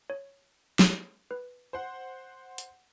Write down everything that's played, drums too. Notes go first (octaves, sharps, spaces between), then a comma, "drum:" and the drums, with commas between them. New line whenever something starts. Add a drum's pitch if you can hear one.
C#5
drum: snare F#3
B4
C5 F#5
drum: hi-hat